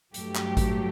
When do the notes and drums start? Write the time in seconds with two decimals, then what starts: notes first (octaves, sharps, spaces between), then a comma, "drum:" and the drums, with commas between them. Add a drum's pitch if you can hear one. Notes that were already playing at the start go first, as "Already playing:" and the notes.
0.14 G2 F#3 A3 G4, drum: hi-hat
0.35 drum: clap
0.57 drum: kick G#1, hi-hat